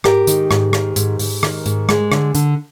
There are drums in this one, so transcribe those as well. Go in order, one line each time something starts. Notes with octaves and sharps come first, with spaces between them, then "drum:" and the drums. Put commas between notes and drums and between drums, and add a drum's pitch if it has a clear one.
G#2 G4 A#4, drum: rim click
D#3, drum: hi-hat
G#2, drum: rim click
D#3, drum: rim click
G#2, drum: hi-hat
G#2, drum: open hi-hat
D#3, drum: rim click
G#2, drum: hi-hat
G#3, drum: rim click
D3, drum: rim click
D3, drum: hi-hat